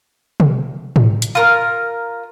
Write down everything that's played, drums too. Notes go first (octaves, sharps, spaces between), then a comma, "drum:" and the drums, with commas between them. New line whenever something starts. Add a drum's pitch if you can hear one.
drum: tom
drum: tom
drum: hi-hat
F4 A#4 F6